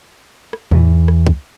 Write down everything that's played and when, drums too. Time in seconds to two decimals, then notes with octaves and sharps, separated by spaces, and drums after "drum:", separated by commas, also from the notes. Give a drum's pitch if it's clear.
0.53 drum: rim click
0.71 E2 E3, drum: tom
1.08 drum: rim click
1.27 drum: kick